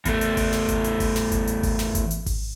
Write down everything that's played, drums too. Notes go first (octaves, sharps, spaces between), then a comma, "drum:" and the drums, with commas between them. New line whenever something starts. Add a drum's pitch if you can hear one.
E2 A3, drum: kick G#1, hi-hat
drum: hi-hat
drum: kick G#1, open hi-hat
drum: snare
drum: kick G#1, hi-hat
drum: hi-hat
drum: kick G#1, open hi-hat
drum: snare
drum: kick G#1, hi-hat
drum: hi-hat
drum: kick G#1, open hi-hat
drum: snare
drum: kick G#1, hi-hat
drum: hi-hat
drum: kick G#1, open hi-hat